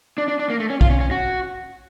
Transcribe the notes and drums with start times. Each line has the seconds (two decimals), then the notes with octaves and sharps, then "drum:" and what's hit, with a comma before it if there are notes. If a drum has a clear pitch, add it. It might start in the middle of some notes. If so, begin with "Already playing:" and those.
0.18 D4
0.28 D4
0.39 D4
0.50 A#3
0.60 A3
0.70 C#4
0.81 F4, drum: kick B1
0.90 C#4
1.00 C#4
1.11 F#4